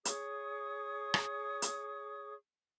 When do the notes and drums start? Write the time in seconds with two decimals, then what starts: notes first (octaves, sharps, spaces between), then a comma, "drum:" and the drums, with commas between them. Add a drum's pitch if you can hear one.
0.05 G#4 C#5 C#6 D#6, drum: hi-hat
1.14 drum: rim click
1.62 drum: hi-hat